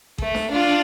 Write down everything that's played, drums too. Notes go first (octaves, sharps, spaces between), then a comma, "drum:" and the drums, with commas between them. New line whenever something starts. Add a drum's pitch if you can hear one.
A3, drum: kick A1
drum: snare
D4 F4